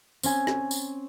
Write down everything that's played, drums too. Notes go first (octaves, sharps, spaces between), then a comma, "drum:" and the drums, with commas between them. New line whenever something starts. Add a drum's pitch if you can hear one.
C4 C#4 G#5, drum: tambourine
drum: rim click
drum: tambourine